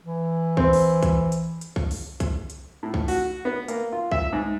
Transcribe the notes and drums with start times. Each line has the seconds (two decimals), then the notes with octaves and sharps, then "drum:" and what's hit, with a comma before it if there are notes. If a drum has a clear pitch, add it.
0.04 E3
0.57 C4, drum: kick B1
0.73 drum: open hi-hat
1.03 drum: kick B1, hi-hat
1.32 drum: hi-hat
1.61 drum: hi-hat
1.76 drum: kick B1
1.91 drum: open hi-hat
2.20 drum: kick B1, hi-hat
2.50 drum: hi-hat
2.83 A2
2.94 drum: kick B1
3.08 F#4, drum: open hi-hat
3.45 B3
3.68 A#3, drum: hi-hat
3.93 F4
4.12 E5, drum: kick B1
4.33 G#2